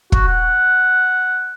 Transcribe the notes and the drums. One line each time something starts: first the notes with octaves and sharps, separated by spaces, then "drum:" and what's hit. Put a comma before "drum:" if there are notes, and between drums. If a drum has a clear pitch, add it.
F#4, drum: kick
F#5